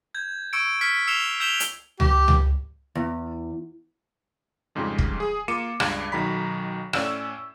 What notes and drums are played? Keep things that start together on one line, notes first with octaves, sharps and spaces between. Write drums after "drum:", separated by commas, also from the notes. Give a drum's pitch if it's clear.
G6 G#6
C#6 E6 G#6 C#7 D7
E6 F6 G#6 B6 C#7
E6 C7 C#7 E7 F7 G7
E6 G6 B6 E7 F7 G7
drum: hi-hat
G4, drum: tom C#2
drum: tom C#2
E2
F2 G#2 C#3 F3 G3
drum: kick
G#4
A#3 F4 D6 C#7 D#7 E7
C#2 G2 D4 G#6, drum: rim click
B1 D#3 F#3 A#5 B5 B6
A2 C#4 D5 E6 E7, drum: rim click